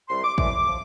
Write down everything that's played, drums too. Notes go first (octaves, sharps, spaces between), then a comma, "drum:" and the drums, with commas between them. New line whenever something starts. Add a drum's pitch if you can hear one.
C2 C3 G3 C6
D6
A2 E3 G3 D6, drum: kick
F3